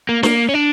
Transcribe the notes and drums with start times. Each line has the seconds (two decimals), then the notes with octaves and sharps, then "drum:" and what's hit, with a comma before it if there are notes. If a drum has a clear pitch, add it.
0.09 A#3
0.23 A#3, drum: snare
0.49 C#4
0.54 D4